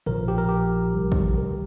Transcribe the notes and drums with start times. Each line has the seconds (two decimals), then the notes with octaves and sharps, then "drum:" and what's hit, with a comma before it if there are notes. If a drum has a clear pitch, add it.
0.06 A#1 A#2 F3 A#4, drum: tom
0.28 G4
0.38 A#4
0.49 G4
0.94 C2 C3 D#3 G3
1.12 drum: kick
1.38 A#4